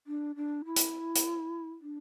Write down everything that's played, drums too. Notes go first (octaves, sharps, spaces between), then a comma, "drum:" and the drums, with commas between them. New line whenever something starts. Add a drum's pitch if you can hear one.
D4
D4
E4
drum: hi-hat
drum: hi-hat
D4